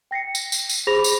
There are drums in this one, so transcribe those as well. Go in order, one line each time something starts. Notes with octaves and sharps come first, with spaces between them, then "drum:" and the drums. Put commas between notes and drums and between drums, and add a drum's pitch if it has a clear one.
G5 A#6 C7 C#7
drum: tambourine
drum: tambourine
drum: tambourine
G#4 C5 B5 D6 A#6 F7
drum: tambourine